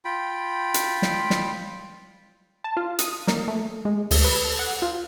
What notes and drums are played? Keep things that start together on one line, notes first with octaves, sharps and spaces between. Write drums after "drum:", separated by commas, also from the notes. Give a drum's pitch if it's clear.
F4 G5 B5
drum: hi-hat
drum: snare
drum: snare
A5
F4
D#6, drum: hi-hat
A#3, drum: snare
A3
G#3
D2, drum: open hi-hat
B4
A4
F#5
F4